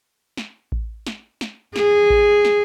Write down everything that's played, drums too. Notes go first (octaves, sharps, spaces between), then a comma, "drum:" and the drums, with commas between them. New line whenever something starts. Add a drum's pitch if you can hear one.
drum: snare
drum: kick A1
drum: snare
drum: snare
G#4, drum: snare
drum: kick A1
drum: snare